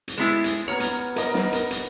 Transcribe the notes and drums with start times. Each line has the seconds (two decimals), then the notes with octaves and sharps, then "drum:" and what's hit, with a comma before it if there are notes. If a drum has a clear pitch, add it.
0.08 drum: hi-hat
0.18 G#3 B3 E4 A6 B6 E7
0.44 drum: hi-hat
0.68 B3 C#5 A#5 F6 F7
0.80 drum: hi-hat
1.16 A#4 D#5, drum: hi-hat
1.34 drum: snare
1.52 drum: hi-hat
1.70 drum: hi-hat